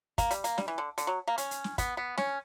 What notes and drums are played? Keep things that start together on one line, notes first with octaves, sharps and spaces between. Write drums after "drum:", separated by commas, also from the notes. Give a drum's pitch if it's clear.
A#3, drum: kick, hi-hat
G3, drum: hi-hat
A#3, drum: hi-hat
G3, drum: snare
E3
D3
D3, drum: hi-hat
F#3
A#3
C#4, drum: hi-hat
drum: hi-hat
drum: snare
B3, drum: kick, hi-hat
B3
C#4, drum: snare